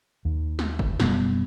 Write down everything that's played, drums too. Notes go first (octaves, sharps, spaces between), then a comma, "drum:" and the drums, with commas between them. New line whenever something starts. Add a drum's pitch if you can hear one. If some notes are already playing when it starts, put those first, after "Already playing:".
D#2
drum: snare
drum: kick
F#2 B2 G3 B3, drum: snare